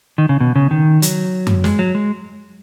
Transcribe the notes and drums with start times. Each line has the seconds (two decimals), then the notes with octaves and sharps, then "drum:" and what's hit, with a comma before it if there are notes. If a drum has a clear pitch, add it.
0.18 D#3
0.29 C#3
0.41 B2
0.56 C#3
0.71 D#3
1.02 F#3, drum: hi-hat
1.47 drum: tom F#2
1.64 G#3, drum: snare
1.79 F#3
1.95 G#3